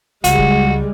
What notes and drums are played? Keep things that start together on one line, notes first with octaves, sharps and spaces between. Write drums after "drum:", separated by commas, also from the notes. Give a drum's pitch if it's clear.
C#2 G3 G#3 F#4, drum: hi-hat
drum: kick